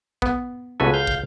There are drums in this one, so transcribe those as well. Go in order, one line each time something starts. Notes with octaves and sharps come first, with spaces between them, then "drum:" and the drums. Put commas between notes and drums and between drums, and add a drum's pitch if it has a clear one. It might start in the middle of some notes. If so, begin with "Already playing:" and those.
B3, drum: kick
C#2 B3 F#4 A4 B4 G#5
F5 G6
drum: kick